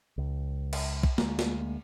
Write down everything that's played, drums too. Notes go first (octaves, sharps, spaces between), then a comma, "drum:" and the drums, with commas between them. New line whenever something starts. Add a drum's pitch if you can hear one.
C#2
drum: cymbal
drum: kick B1
D2 G#3 A#3, drum: snare
drum: snare